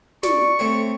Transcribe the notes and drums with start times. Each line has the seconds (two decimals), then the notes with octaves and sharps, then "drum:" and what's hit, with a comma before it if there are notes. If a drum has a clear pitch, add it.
0.23 D5 C#6, drum: snare
0.59 A3 C4 C#5